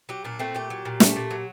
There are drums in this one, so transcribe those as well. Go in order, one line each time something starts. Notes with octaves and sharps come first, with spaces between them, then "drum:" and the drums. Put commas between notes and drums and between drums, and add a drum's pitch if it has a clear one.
F#3 G4
A#2 D4
A3 C4
A#2 G4
F#3
A#2
A3, drum: snare
A#2
F#3